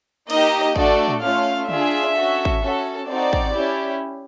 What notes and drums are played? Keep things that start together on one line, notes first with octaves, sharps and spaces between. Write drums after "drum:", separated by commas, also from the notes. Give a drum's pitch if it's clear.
A#3 D#4 G4 D#5, drum: cymbal
A3 D4 F#4 A4 D5, drum: kick
drum: tom
A3 C#4 F4 F5
D4 F4 G#4 E5, drum: tom C#3
C#4 F#4 A4
drum: kick
C#4 F#4 A4
C4 D#4 F#4 D5
drum: kick
C#4 E4 G4